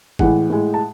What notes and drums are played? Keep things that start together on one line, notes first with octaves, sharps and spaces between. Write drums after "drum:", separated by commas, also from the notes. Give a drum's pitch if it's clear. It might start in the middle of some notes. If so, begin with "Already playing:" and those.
A2 E3 G#3 F#5, drum: kick
A2 G#3
A5